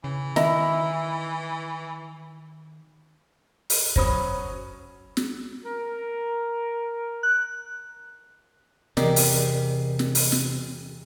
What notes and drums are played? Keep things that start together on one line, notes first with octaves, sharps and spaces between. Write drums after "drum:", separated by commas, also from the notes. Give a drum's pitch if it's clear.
C#3 E3
D#3 E4 D#5 A#5, drum: snare
drum: open hi-hat
F#3 C#4 C5 B5 D#6, drum: kick
drum: snare
A#4
F#6
E2 C3 A#4 D5 D#5 G5, drum: snare
drum: open hi-hat
drum: snare
drum: open hi-hat
drum: snare